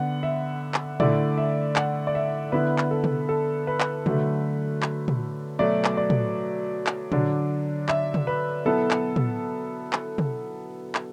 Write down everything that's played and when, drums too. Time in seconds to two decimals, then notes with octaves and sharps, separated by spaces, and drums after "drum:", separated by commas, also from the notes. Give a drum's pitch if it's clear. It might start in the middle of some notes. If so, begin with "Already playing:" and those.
Already playing: D3 B3 F#5
0.23 E5
0.74 drum: clap
1.00 D3 A3 E4 D5, drum: tom
1.38 E5
1.76 F#5, drum: clap
2.07 D5
2.15 E5
2.52 D3 B3 E4 B4
2.78 drum: clap
2.91 A4
3.04 drum: tom
3.29 A4
3.67 B4
3.80 drum: clap
4.06 D3 F#3 A3, drum: tom
4.82 drum: clap
5.08 drum: tom
5.59 B2 F#3 A3 D5
5.85 drum: clap
5.97 D5
6.10 drum: tom
6.87 drum: clap
7.12 D3 F#3 D4, drum: tom
7.89 E5, drum: clap
8.14 drum: tom
8.27 B4
8.65 B2 F#3 B3 E4 A4
8.91 drum: clap
9.16 drum: tom
9.93 drum: clap
10.18 drum: tom
10.95 drum: clap